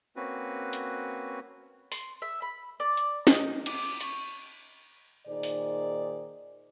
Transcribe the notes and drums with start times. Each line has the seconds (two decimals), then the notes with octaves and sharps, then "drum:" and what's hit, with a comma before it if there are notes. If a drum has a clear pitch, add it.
0.16 A#3 C4 C#4 F#4 B4
0.73 drum: hi-hat
1.92 C6, drum: open hi-hat
2.22 E5
2.42 B5
2.80 D5
2.97 drum: hi-hat
3.27 D#4, drum: snare
3.66 D6, drum: cymbal
4.00 C#6, drum: hi-hat
5.27 A#2 D#3 D#4 G#4 C5 D5
5.43 drum: open hi-hat